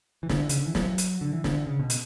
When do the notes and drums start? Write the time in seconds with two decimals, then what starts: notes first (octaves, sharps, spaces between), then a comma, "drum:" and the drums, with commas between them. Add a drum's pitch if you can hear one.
0.23 E3
0.29 D3, drum: snare
0.49 C#3, drum: hi-hat
0.58 D3
0.66 E3
0.75 F#3, drum: snare
0.98 drum: hi-hat
1.21 D3
1.33 E3
1.44 D3, drum: snare
1.67 C#3
1.79 B2
1.90 drum: hi-hat